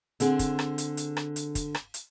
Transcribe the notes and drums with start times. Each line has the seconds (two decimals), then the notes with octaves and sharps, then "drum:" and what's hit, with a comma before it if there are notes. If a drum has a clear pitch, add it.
0.20 D3 C4 G#4, drum: hi-hat
0.39 drum: kick, hi-hat
0.59 drum: rim click
0.78 drum: hi-hat
0.97 drum: hi-hat
1.17 drum: rim click
1.36 drum: hi-hat
1.55 drum: kick, hi-hat
1.75 drum: rim click
1.94 drum: hi-hat